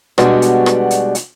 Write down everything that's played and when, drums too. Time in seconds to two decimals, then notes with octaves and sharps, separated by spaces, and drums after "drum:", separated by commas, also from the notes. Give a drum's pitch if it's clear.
0.18 B2 G3 G#3 B3 D4 F#4, drum: rim click
0.42 drum: hi-hat
0.66 drum: rim click
0.91 drum: hi-hat
1.15 drum: hi-hat